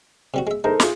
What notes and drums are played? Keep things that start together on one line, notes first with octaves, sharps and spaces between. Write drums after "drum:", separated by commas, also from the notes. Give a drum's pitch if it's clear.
C3 G3 F#4
G#3 E5
G#3 D#4 A4 A#4 C5
F4 G#4, drum: snare